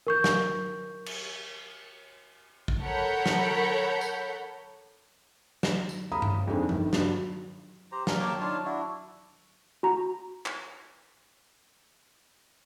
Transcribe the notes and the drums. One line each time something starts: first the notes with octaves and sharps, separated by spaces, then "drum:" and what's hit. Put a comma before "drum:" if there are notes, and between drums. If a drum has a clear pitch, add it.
A#4 C#6 G6
drum: snare
drum: cymbal
drum: kick
A4 A#4 C#5 F#5 B5 G6
drum: snare
drum: tambourine
E7, drum: snare
drum: tambourine
F5 A#5 B5 D#6
drum: tom G2
F2 G#3 C4 D4 D#4
G1 D#3, drum: tom F3
G2 F#3, drum: snare
G4 C5 A#5
D4 F5 A#5, drum: snare
A#3 A#4 C#5 G5 A5 D6
D4 D#4 F4 C#5 F5 A5
D4 E4 F#4
F#4 A#5
drum: clap